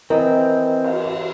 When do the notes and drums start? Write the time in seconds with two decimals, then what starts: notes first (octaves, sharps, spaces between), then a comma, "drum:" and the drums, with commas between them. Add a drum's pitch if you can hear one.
0.10 E3 C4 A#4 D#5
0.84 drum: cymbal